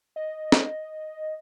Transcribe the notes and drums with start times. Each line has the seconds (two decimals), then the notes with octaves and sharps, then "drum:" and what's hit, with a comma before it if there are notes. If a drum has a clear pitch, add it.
0.16 D#5
0.52 drum: snare